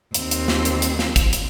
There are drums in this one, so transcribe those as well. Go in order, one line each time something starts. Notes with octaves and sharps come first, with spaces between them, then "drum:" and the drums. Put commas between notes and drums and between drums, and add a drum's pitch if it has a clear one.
D#2 C4, drum: hi-hat
drum: hi-hat
drum: snare
drum: hi-hat
drum: hi-hat
drum: snare
drum: kick, hi-hat
drum: hi-hat